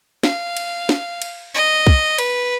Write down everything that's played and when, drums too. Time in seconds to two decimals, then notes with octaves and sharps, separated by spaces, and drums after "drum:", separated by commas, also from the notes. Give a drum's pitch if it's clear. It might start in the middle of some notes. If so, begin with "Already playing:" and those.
0.23 F5, drum: snare
0.57 drum: cymbal
0.89 drum: snare
1.22 drum: cymbal
1.54 D#5
1.87 drum: kick
2.18 B4, drum: cymbal